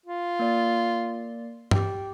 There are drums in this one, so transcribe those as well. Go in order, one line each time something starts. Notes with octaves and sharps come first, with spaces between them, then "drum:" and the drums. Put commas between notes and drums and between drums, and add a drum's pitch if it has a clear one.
F4
A#3 D5
G4 G5, drum: tom G2